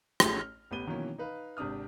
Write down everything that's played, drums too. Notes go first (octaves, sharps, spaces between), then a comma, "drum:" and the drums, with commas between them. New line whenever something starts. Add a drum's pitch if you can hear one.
A1 A3 C#4 E4 G4, drum: rim click
F6
A1 B3 G4 D#7 G7
B2 D#3 E3 F#3 A#3 C#4
D#4 B4 F5
G#1 C3 D4 D#6 F6